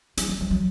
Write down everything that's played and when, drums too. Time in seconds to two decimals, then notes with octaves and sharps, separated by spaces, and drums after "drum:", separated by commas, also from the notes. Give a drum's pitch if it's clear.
0.17 F#3, drum: hi-hat
0.29 F#3
0.40 F#3
0.51 F#3